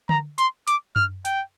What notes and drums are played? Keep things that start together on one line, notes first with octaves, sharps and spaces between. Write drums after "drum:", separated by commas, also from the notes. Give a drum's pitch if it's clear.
A#5, drum: tom D3
C6, drum: hi-hat
D6, drum: hi-hat
F6, drum: tom F#2
G5, drum: hi-hat